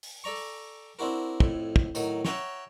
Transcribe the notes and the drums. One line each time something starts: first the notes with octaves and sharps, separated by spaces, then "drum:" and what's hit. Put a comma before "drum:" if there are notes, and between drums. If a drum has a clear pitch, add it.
drum: open hi-hat
A4 D5 A#5 C#6
drum: open hi-hat
C4 D4 E4 F#4 A#4
F2 A2, drum: kick
drum: kick
A2 D#3 F#3, drum: tambourine
C#5 E5 F#5 G5 A#5 C#6, drum: snare